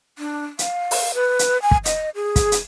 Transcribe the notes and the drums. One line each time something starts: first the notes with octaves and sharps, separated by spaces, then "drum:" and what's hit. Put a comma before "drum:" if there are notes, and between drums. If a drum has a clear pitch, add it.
D4
F5, drum: hi-hat
drum: open hi-hat
B4
drum: hi-hat
G#5
drum: kick
D#5, drum: hi-hat
G#4
drum: kick, hi-hat
drum: hi-hat